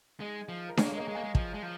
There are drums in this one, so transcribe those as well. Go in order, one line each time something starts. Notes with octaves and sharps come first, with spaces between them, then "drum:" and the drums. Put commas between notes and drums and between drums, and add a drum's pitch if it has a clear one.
G#3 D#4 G#4
F3
A#4
G#3 G#4 C#5, drum: snare D4
A#3
G#3
A#4 D#5
A#3
G#3
F5
A#3 D#5 G#5
G#3
F3, drum: kick
G#3
F3